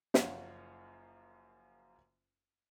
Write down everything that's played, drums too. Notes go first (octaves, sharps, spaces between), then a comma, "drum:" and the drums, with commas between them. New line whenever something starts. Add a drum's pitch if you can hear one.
F#1 F#2 F3 F4 C#5 F#5, drum: snare